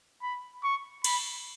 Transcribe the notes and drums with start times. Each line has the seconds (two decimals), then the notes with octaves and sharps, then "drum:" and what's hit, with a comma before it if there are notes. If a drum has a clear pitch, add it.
0.23 B5
0.64 C#6
1.04 B5, drum: cymbal